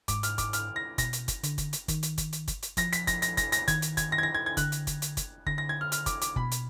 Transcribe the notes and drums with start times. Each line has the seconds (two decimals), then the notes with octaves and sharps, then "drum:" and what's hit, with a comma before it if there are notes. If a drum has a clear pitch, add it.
0.08 G#2 D6, drum: kick, hi-hat
0.23 F6, drum: hi-hat
0.38 D6, drum: kick, hi-hat
0.53 F6, drum: hi-hat
0.76 A#6
0.98 B2 A#6, drum: kick, hi-hat
1.13 drum: hi-hat
1.28 drum: kick, hi-hat
1.44 D3, drum: hi-hat
1.58 drum: kick, hi-hat
1.73 drum: hi-hat
1.88 D#3, drum: kick, hi-hat
2.03 drum: hi-hat
2.18 drum: kick, hi-hat
2.33 drum: hi-hat
2.48 drum: kick, hi-hat
2.63 drum: hi-hat
2.77 F3 A#6, drum: kick, hi-hat
2.93 B6, drum: hi-hat
3.07 A#6, drum: kick, hi-hat
3.22 A#6, drum: hi-hat
3.37 A#6, drum: kick, hi-hat
3.52 A#6, drum: hi-hat
3.68 D#3 G#6, drum: kick, hi-hat
3.82 drum: hi-hat
3.97 G#6, drum: kick, hi-hat
4.12 A#6
4.18 G#6
4.23 A#6
4.35 G#6
4.46 G#6
4.57 D3 F#6, drum: kick, hi-hat
4.72 drum: hi-hat
4.87 drum: kick, hi-hat
5.02 drum: hi-hat
5.17 drum: kick, hi-hat
5.47 D3 A#6, drum: kick
5.58 A#6
5.69 G#6
5.81 F6
5.92 F6, drum: hi-hat
6.06 D6, drum: kick, hi-hat
6.22 D6, drum: hi-hat
6.36 B2 B5, drum: kick
6.52 drum: hi-hat